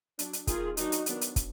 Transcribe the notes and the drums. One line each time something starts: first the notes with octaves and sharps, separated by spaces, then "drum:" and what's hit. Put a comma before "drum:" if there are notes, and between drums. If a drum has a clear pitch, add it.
F#3 D4, drum: hi-hat
drum: hi-hat
D#3 A#3 D#4 F4 G#4, drum: kick, hi-hat
D#3 F#3 D4 D#4 F#4, drum: hi-hat
drum: hi-hat
D#3 F#3 B3 D4, drum: hi-hat
drum: hi-hat
drum: kick, hi-hat